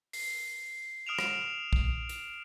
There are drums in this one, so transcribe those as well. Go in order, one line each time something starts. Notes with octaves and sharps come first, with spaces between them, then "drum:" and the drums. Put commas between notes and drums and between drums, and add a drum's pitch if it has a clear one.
C7, drum: open hi-hat
D#6 F6 D7 E7 F7
drum: rim click
drum: kick
drum: hi-hat